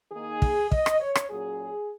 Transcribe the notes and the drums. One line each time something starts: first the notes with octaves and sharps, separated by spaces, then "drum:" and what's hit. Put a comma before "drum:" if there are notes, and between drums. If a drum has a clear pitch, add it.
D#3 A#3 D#4 G#4
drum: kick
D#5, drum: kick
drum: rim click
C#5
drum: rim click
A#2 F#3 C#4 G#4